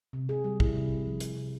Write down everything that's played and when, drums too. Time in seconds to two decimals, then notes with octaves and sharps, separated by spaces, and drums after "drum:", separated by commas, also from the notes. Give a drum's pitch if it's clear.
0.13 C3
0.29 G#4
0.44 G3
0.60 E4, drum: kick
0.75 C3
1.06 F3
1.20 drum: hi-hat
1.36 C3